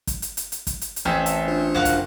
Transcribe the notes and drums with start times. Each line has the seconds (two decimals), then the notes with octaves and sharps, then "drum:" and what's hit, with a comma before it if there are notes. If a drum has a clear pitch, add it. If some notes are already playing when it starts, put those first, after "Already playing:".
0.07 drum: kick, hi-hat
0.22 drum: hi-hat
0.37 drum: hi-hat
0.52 drum: hi-hat
0.67 drum: kick, hi-hat
0.81 drum: hi-hat
0.96 drum: hi-hat
1.05 A1 C4 C#4 E5
1.26 A5, drum: hi-hat
1.48 D4 F4 C5
1.75 F#1 F#4 F5 F#5
1.85 drum: kick, hi-hat